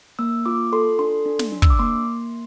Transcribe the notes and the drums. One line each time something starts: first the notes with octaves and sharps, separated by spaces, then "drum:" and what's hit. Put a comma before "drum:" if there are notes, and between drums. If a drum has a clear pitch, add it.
A#3 E6
F4 D6
A4 C6
D4 C6
D4
drum: snare
D4
E6, drum: kick
D6
A#3 C6